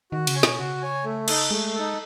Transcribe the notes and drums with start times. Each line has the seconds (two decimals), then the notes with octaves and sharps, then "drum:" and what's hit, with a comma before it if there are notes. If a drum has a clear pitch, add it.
0.12 D#3 F#4
0.27 C#3, drum: cymbal
0.35 C#5 G#5
0.43 B2, drum: snare
0.59 C#3 F#4
0.82 C#5 G#5
1.04 A3
1.28 D#4 A4, drum: cymbal
1.51 G#3 A3
1.74 D#4 A4